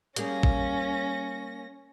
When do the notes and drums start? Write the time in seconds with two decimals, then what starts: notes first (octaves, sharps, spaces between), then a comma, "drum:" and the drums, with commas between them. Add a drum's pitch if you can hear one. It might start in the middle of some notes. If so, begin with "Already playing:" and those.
0.16 G3 A#3 C#4 G#4 A#6, drum: hi-hat
0.43 drum: kick